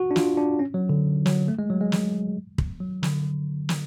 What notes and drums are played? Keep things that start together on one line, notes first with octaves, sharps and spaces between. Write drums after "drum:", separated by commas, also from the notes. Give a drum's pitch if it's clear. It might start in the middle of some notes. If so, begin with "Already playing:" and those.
Already playing: F#4
D4
F4, drum: snare
D4
C#4
F#3
D3
F#3, drum: snare
A3
G#3
F#3
G#3
drum: snare
drum: kick
F#3
D3, drum: snare
drum: snare